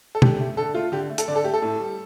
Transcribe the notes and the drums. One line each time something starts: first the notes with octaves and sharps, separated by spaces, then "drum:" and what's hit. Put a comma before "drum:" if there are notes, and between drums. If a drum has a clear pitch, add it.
A4
D3 G4, drum: tom
A3
D3 A4
A3 F4
D3 G4
A3
A4, drum: hi-hat
D3 D5
A4
A3 G4
A4
A2
G3